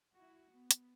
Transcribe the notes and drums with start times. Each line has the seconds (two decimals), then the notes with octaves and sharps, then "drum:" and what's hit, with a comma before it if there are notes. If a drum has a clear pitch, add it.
0.15 E4 F#4
0.51 B3
0.71 drum: hi-hat